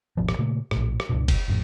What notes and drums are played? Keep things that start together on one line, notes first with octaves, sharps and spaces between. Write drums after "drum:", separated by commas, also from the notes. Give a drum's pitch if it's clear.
D#1 G#1 B2 F3
drum: rim click
A#2 C#3 A3 A#3
A#1 A2, drum: rim click
drum: rim click
C#2 G2 B2
drum: kick, cymbal
G#1 F2 A2